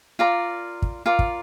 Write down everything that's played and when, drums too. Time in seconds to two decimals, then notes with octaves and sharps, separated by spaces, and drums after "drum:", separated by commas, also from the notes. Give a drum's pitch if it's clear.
0.19 F4 A#4 D5 A#5
0.82 drum: kick
1.06 F4 A#4 D5
1.19 drum: kick